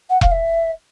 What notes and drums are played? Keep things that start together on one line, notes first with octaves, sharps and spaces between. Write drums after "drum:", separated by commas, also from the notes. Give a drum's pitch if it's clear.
F#5
F5, drum: kick E1
E5